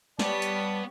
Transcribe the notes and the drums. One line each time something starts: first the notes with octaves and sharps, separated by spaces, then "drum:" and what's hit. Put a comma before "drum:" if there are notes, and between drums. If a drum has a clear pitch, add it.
G3 B3 G4 C#5 D5 A5, drum: snare
drum: hi-hat